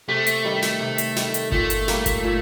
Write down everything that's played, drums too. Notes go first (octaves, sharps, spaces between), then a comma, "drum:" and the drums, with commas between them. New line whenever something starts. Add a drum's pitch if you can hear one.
C3 A3
drum: hi-hat
D#3 G3
drum: snare
C3
drum: hi-hat
D#3 G3, drum: snare
drum: hi-hat
A#2 A3, drum: kick G1
drum: hi-hat
G3 A#3, drum: snare
drum: kick G1, hi-hat
A#2